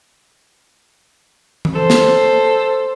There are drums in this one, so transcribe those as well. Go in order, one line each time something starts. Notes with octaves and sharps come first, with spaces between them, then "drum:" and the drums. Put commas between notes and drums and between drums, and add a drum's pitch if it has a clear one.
drum: tom E3
A4 C5
drum: snare